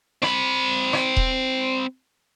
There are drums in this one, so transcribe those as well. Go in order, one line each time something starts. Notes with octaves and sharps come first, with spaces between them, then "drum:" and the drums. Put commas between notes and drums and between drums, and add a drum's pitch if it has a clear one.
C4 B5, drum: rim click
drum: rim click
drum: kick D#1